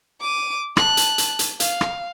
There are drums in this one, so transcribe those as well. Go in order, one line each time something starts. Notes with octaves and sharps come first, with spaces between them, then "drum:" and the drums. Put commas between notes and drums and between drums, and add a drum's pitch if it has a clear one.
D6 D#7
A5 F#6, drum: rim click
drum: hi-hat
drum: hi-hat
drum: hi-hat
F5, drum: hi-hat
drum: rim click